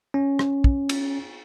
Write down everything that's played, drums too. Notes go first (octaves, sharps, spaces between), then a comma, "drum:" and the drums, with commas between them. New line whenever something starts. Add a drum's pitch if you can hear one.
C#4
drum: rim click
drum: kick
drum: cymbal